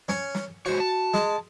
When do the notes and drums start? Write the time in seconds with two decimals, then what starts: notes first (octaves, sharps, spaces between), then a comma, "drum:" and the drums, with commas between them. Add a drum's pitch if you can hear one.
0.08 C#4 C#5, drum: snare
0.35 drum: snare
0.66 G#3 F#4 C5 C#5
0.80 A5
1.14 G#3, drum: snare